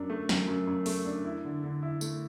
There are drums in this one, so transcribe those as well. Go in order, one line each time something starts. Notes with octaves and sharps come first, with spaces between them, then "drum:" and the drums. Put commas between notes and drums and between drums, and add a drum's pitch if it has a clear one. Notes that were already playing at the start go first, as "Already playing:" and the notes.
Already playing: F#2 D4
A3
F#2, drum: snare
F#2
F#2
A3, drum: open hi-hat
D4
E4
D3
D3
E4
A3, drum: tambourine